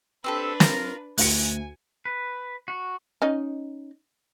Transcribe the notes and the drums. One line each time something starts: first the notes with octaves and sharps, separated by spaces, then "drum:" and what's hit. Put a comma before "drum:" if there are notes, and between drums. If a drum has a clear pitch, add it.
C4 D4 G4 A4 B4
F4 A#4 A#5, drum: snare
D2 G#5 F#6 C#7, drum: open hi-hat
B4
F#4
C#4 D#4 D#5